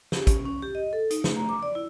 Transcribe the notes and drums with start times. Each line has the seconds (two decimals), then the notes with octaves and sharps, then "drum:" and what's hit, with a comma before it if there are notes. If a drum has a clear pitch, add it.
0.12 G4, drum: snare
0.27 C#4, drum: kick, hi-hat
0.46 C#4
0.62 G4
0.75 D#5
0.93 A4
1.10 D#4, drum: hi-hat
1.24 A3, drum: snare
1.36 A#5
1.49 D6
1.63 D5
1.75 E4